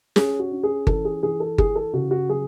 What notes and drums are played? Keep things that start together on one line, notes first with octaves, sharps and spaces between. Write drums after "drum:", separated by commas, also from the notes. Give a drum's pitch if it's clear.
C#4 G#4, drum: snare
F#4
C#4
G#4
E3 A4, drum: kick G1
G#4
E3 G#4
A4
E3 G#4, drum: kick G1
A4
C#3 F#4
F#4
F#3 G#4